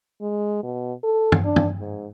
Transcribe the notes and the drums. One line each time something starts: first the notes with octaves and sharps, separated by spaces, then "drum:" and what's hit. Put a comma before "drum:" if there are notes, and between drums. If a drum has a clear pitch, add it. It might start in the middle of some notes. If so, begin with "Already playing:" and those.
G#3
B2
A4
drum: tom
D4
drum: tom
G#2